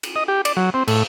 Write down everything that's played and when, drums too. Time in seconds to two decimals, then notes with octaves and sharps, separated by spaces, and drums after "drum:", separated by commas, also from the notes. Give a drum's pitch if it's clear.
0.03 drum: cymbal
0.16 D#5
0.28 G4
0.45 D5, drum: cymbal
0.57 F#3
0.74 C4
0.88 A2, drum: cymbal